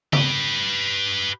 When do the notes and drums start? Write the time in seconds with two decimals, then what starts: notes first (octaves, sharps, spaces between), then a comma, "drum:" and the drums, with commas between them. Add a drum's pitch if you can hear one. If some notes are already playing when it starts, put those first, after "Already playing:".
0.13 G4 B4, drum: tom C#3